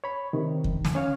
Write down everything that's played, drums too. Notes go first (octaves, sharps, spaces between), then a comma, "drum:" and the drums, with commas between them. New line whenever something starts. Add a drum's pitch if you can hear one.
C#5 B5
C3 D#3
drum: kick E2
drum: snare
C#4 C#5 F5